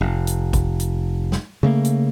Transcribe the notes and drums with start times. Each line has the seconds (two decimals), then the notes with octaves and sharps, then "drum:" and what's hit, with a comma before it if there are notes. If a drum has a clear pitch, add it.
0.01 F1
0.27 drum: hi-hat
0.53 drum: kick, hi-hat
0.80 drum: hi-hat
1.32 drum: snare
1.63 C#3 A3 A#3
1.85 drum: hi-hat